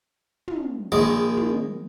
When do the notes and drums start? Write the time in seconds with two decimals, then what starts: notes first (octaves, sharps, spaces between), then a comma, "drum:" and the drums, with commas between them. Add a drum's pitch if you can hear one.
0.48 drum: tom
0.92 A#1 D#3 G#3 D6, drum: kick
1.37 drum: tom